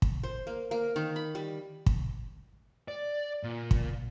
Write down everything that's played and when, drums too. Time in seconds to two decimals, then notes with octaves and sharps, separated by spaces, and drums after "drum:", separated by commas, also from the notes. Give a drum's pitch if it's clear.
0.02 drum: kick
0.23 C5
0.47 A#3
0.71 A#3
0.96 D#3
1.16 B5
1.35 G3
1.86 drum: kick
2.88 D5
3.43 A#2
3.71 drum: kick